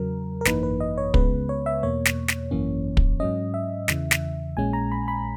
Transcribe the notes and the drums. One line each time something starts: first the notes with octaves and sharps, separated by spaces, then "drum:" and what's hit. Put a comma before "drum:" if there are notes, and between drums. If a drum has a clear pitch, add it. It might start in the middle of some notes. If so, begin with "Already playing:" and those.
Already playing: E2 C#3 F#3 A#4
A#4
G#1 F#2 E3 A#3 D#4 B4, drum: snare
B4
D#5
C#5
C#2 C#3 G#3 B3 B4, drum: kick
C#5
E5
E2 B2 A#3 C#5
drum: snare
drum: snare
G#1 F#2 E3 A#3 C#4
drum: kick
G#2 F#3 C#4 D#5
E5
E2 C#3 E3, drum: snare
drum: snare
A#1 A#2 G#3 C#4 G#5
A#5
B5
B5